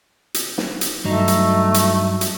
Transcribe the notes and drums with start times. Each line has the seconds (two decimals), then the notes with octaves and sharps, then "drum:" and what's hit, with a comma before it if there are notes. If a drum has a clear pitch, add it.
0.34 drum: hi-hat
0.58 drum: snare
0.81 drum: hi-hat
1.04 G2 F#3 A3 D#4
1.28 drum: hi-hat
1.74 drum: hi-hat
2.21 drum: hi-hat